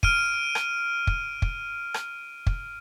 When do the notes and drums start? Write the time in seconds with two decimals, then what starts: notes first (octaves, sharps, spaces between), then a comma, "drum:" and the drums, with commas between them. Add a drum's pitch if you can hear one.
0.03 F6 D7 D#7, drum: kick
0.55 drum: rim click
1.07 drum: kick
1.42 drum: kick
1.94 drum: rim click
2.47 drum: kick